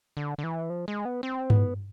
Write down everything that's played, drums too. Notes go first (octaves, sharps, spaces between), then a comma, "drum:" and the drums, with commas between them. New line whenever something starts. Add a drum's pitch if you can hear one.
D3
D3
E3
F3
G#3
B3
C4
B3, drum: tom G2